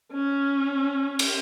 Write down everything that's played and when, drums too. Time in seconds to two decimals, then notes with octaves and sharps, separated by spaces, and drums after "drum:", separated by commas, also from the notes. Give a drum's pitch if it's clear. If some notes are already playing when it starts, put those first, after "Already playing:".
0.12 C#4
1.19 drum: cymbal